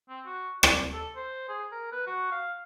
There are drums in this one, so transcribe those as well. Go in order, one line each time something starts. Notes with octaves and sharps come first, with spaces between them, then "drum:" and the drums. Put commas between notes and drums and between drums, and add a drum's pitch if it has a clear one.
C4
F#4
D5, drum: rim click
A4
C5
G#4
A#4
B4
F#4
F5